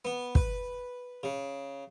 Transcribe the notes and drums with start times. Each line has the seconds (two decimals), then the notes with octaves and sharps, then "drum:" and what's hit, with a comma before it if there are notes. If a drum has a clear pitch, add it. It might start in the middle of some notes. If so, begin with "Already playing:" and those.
0.05 B3
0.35 B4, drum: kick
1.23 C#3